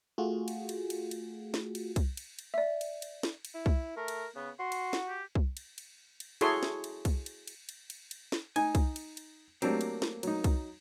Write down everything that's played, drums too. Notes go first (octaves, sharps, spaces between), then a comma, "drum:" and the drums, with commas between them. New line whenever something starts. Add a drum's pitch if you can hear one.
A3 F4 F#4 G#4
drum: cymbal
drum: cymbal
drum: cymbal
drum: cymbal
drum: snare
drum: cymbal
drum: kick C2, cymbal
drum: cymbal
drum: cymbal
D5 E5
drum: cymbal
drum: cymbal
drum: snare
drum: cymbal
E4
drum: kick C2
A3 A#4
drum: cymbal
C#3 B3
F#4 C6
drum: cymbal
drum: snare
G4
drum: kick C2
drum: cymbal
drum: cymbal
drum: cymbal
E4 F#4 G#4 A4 C#5 C6, drum: cymbal
drum: snare
drum: cymbal
drum: kick C2, cymbal
drum: cymbal
drum: cymbal
drum: cymbal
drum: cymbal
drum: cymbal
drum: snare
D#4 G#5, drum: cymbal
drum: kick C2, cymbal
drum: cymbal
drum: cymbal
F#3 A3 A#3 C4 D4 G4, drum: cymbal
drum: cymbal
drum: snare
F#3 D#4, drum: cymbal
drum: kick C2, cymbal